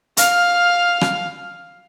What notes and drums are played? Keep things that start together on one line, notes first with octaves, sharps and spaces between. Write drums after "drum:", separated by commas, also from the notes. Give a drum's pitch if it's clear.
F5 F6, drum: hi-hat
drum: rim click